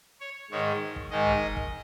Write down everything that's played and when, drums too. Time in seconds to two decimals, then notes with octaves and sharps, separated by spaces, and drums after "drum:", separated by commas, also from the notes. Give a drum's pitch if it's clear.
0.20 C#5
0.51 G#2 D#3 G#3 C#5
0.96 drum: kick
1.11 G#2 D#3 G#3 D#5
1.26 drum: tom
1.57 drum: kick